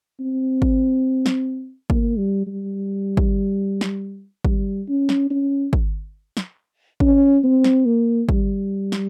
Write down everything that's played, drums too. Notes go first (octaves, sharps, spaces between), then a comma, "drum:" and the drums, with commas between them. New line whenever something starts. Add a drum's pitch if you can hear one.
C4
drum: kick
drum: snare
A#3, drum: kick
G3
G3
drum: kick
drum: snare
G3, drum: kick
C#4
drum: snare
C#4
drum: kick
drum: snare
C#4, drum: kick
C4
drum: snare
A#3
G3, drum: kick
drum: snare